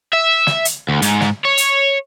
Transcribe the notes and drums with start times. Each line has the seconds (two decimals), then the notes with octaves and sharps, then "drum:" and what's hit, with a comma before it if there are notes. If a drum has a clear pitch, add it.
0.13 E5
0.47 drum: snare
0.65 drum: hi-hat
0.89 D2
1.02 G#2, drum: hi-hat
1.21 drum: snare
1.45 C#5
1.58 drum: hi-hat